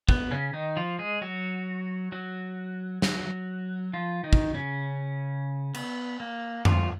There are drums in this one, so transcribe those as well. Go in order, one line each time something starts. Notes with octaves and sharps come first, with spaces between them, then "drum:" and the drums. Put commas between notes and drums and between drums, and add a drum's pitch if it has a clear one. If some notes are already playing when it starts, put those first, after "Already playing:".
B3, drum: kick
C#3 C#4
D#3 D#4
F3 F4
G#3 G#4
F#3 F#4
F#3 F#4
F#3 F#4, drum: snare
F3 F4
D#3 D#4
drum: kick
C#3 C#4
B3, drum: cymbal
A#3
F3 F4, drum: tom F2